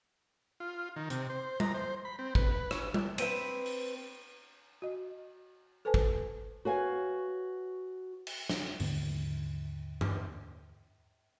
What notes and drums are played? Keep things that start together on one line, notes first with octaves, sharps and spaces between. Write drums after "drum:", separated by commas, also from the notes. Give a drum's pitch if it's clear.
F4
D#3
C3, drum: hi-hat
C5
A#5, drum: tom G3
C5
B5
C4
B4, drum: kick
C#5, drum: rim click
drum: tom G3
C4 B4 E5 D7 D#7, drum: cymbal
drum: open hi-hat
F#4 D#5
A4 B4 C5 G#5 A5
drum: kick
F#4 B4 C#5 F5 G#5
drum: cymbal
drum: snare
D#2 G#2 D3 B3, drum: open hi-hat
drum: tom G2